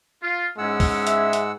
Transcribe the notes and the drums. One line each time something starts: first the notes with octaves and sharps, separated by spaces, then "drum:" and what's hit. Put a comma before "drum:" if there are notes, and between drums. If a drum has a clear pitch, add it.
F4
G#2 G#3 C#4 E4 G#4 F#5 E6
drum: kick C2, open hi-hat
E5, drum: hi-hat
drum: hi-hat